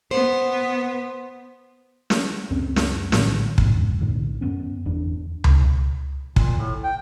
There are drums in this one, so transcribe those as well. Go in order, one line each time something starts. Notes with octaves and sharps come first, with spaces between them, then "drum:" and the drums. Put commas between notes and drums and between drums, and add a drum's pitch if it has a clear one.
B3 C5
drum: snare
C#2 F#2 C4 C#4
drum: snare
A#1 A2 D3 D#3, drum: snare
D1 A1 F2 G#2, drum: kick
B1 A2 D3
F#2 B2 B3 C#4
G1 E2 D4
drum: tom C#2
A#2, drum: kick
A2
G5